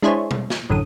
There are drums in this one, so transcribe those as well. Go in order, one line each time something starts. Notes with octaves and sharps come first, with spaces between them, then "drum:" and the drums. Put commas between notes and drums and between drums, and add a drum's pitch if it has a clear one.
G#3 D4 E4 G#4 C5 C#5
drum: tom
drum: snare
A1 F#2 D3 D#6